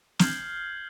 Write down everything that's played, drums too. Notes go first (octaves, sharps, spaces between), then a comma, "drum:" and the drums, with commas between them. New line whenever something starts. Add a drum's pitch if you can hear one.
F6 G6 G#6 C7 F#7, drum: snare